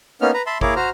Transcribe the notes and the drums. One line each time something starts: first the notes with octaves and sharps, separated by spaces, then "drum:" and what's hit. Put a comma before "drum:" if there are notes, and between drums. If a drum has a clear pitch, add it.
A#3 B3 C#4 D#4 F6
B4 A#5
E5 A5 B5 C6
A#3 E4 G#4 A#4 C#5 D6, drum: kick G#1
F#4 C5 A#5 F6